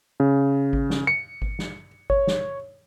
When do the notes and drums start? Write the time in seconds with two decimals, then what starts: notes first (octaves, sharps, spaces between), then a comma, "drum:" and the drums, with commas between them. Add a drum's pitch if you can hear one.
0.20 C#3
0.73 drum: kick G#1
0.90 drum: snare
1.07 C#7
1.42 drum: kick G#1
1.59 drum: snare
2.10 C#5, drum: kick G#1
2.27 drum: snare